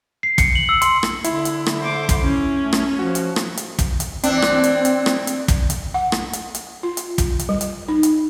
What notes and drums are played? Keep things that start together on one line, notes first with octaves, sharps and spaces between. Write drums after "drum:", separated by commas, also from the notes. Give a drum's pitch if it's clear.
C7
C#7, drum: kick, hi-hat
F#7
E6
C6, drum: hi-hat
drum: rim click
D3 E4, drum: hi-hat
drum: hi-hat
drum: rim click
C5 D6
drum: kick, hi-hat
C#4
A3
drum: rim click
F3 F#4
drum: hi-hat
drum: rim click
drum: hi-hat
drum: kick, hi-hat
drum: hi-hat
E3 C4 D4, drum: hi-hat
drum: rim click
drum: hi-hat
drum: hi-hat
drum: rim click
drum: hi-hat
drum: kick, hi-hat
drum: hi-hat
F#5
drum: rim click
drum: hi-hat
drum: hi-hat
F4
drum: hi-hat
drum: kick, hi-hat
drum: hi-hat
G3
drum: hi-hat
D#4
drum: hi-hat